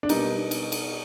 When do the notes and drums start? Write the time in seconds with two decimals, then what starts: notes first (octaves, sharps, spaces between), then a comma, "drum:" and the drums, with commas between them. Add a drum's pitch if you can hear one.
0.03 D4
0.09 B2 G3 A#3 D#4, drum: cymbal
0.51 drum: cymbal
0.72 drum: cymbal